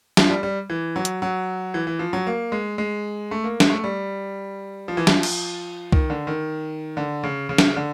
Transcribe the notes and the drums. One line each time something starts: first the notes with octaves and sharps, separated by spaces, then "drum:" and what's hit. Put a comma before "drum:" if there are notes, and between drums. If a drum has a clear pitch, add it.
F3, drum: snare
G3
G3
E3
F#3
drum: hi-hat
F#3
E3
E3
F3
F#3
A#3
G#3
G#3
A3
A#3
G#3, drum: snare
A3
G3
F3
E3
F3, drum: snare
drum: cymbal
D#3, drum: kick C2
D3
D#3
D3
C#3
C#3
drum: snare
D3